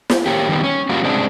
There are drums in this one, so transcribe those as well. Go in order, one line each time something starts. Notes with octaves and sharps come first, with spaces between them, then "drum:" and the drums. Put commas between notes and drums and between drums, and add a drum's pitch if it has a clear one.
drum: snare
A#3 C#4 G4
D#3 G3 B3
C#4
G3 A#3 F4 F#4
C3 G#3 C4 D4